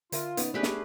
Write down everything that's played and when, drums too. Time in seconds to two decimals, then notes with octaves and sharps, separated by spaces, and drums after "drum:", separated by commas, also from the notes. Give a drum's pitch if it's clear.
0.12 D3 F4 A#4 E5, drum: hi-hat
0.37 B3 C#4 D#4, drum: hi-hat
0.54 A3 D4 G4 G#4 B4 C5
0.63 drum: snare